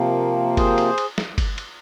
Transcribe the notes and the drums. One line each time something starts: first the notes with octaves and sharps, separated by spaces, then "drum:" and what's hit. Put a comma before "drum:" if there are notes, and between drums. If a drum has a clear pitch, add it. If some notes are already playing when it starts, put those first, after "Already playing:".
Already playing: C3 F3 A#3
G#4 C5, drum: kick G1, cymbal
drum: cymbal
drum: cymbal
drum: snare
drum: kick G1, cymbal
drum: cymbal